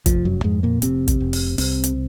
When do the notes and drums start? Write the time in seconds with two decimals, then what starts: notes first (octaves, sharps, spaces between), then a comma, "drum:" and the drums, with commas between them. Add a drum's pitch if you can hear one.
0.06 F1 F3, drum: kick, hi-hat
0.25 F#2 F#3
0.44 F2 G#2 G#3
0.63 A#2 A#3
0.82 F1 C3 C4, drum: hi-hat
1.08 drum: kick, hi-hat
1.20 F1
1.33 drum: open hi-hat
1.58 C2 C3 C4, drum: open hi-hat
1.84 drum: hi-hat